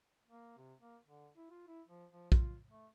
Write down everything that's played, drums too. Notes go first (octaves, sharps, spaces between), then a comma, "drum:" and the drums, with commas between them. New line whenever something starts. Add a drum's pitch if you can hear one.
A#3
C3
A#3
D3
E4
F4
E4
F3
F3
F4, drum: kick
A3